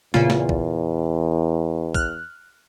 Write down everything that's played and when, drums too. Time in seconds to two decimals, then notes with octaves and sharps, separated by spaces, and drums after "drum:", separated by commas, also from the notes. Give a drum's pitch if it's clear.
0.14 E2 A#2 C#3 F4, drum: snare
0.30 drum: snare
0.49 drum: kick
1.94 F6 F#6, drum: kick